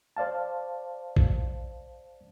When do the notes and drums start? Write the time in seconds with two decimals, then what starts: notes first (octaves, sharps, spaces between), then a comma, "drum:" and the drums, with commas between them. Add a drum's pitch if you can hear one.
0.17 C5 D5 F5 A5
1.16 drum: kick A#1